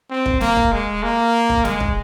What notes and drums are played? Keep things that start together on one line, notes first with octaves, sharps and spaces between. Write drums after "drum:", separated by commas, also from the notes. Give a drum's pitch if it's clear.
C4
drum: kick
A#3, drum: snare
drum: kick
G#3
A#3
drum: kick
G#3, drum: snare
drum: kick